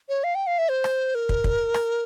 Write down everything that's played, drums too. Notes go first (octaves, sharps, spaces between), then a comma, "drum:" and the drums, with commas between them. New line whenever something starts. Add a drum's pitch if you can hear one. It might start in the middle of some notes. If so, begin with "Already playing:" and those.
C#5
F5
G5
F5
E5
C5
drum: rim click
A#4
drum: kick
drum: kick
drum: rim click